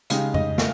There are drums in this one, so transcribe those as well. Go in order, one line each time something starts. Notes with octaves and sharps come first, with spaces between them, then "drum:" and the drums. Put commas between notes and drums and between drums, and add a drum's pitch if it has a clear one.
C#3 G#3 D#4 G4 F5, drum: hi-hat
D#5, drum: tom F2
F5, drum: snare